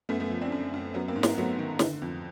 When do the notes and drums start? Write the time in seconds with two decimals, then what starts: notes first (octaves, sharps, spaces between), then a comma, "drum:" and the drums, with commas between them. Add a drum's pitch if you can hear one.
0.09 F#2 A3 B3
0.20 A3 B3
0.30 F3
0.41 C4 D4
0.52 F#2
0.74 F#2
0.94 F#3 B3 C#4
1.08 A#3 C4
1.16 G#2
1.23 A#3 C4, drum: snare
1.38 F#3 A3 B3
1.59 D#3
1.79 D3, drum: snare
2.02 F2